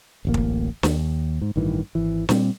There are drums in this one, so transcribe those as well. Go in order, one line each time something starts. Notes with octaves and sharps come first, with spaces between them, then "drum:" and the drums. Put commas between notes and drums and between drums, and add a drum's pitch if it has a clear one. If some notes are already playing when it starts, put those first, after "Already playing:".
D1 A1 A#3
drum: kick
D#2, drum: snare
G#2
A1 G2 D#3 E3
G#1 E3
A#2 G3 C4, drum: snare